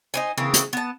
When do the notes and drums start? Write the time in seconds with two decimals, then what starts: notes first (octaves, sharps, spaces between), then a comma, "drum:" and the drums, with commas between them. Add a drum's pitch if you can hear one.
0.14 D#4 C5 G#5
0.38 C#3 E3 A#3 C4
0.54 drum: hi-hat
0.73 B3 A5